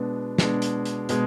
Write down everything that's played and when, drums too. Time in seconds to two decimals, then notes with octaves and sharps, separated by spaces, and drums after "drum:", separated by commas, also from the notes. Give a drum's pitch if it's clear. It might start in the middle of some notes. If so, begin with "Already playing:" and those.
Already playing: B2 G#3 B3 D4
0.38 B2 G#3 B3 D4, drum: snare
0.62 drum: hi-hat
0.86 drum: hi-hat
1.09 B2 G#3, drum: hi-hat